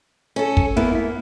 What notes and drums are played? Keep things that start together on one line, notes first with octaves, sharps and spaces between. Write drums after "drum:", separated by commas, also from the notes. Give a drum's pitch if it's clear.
C#4 A4
drum: kick
A#3 B3 E4
E4